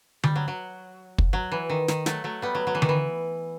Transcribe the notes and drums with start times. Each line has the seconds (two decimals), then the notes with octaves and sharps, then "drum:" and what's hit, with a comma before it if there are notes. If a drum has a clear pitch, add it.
0.24 G3, drum: tom D3
0.36 F#3
0.48 F#3
1.18 drum: kick
1.33 F#3
1.52 E3
1.70 D#3
1.88 D#3, drum: snare
2.06 F#3 A3, drum: snare
2.24 F#3 A3
2.42 G3 B3
2.55 F#3
2.67 F#3
2.75 E3
2.82 D#3, drum: tom D3
2.89 E3